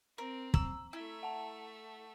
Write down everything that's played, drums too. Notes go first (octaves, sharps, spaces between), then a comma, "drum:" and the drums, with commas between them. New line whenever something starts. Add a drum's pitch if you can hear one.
C4 A#4
A#5 E6, drum: kick
A3 E4 E5
F#5 A5